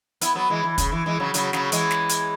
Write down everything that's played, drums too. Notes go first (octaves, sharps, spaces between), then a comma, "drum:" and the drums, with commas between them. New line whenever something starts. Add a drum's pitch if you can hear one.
B3 E4, drum: hi-hat
F#3 B3
E3 G#3
E3
C#3, drum: kick, hi-hat
E3
E3 G#3
C#3 F#3
C#3 F#3, drum: hi-hat
C#3 F#3, drum: snare
E3 G#3, drum: hi-hat
drum: snare
drum: hi-hat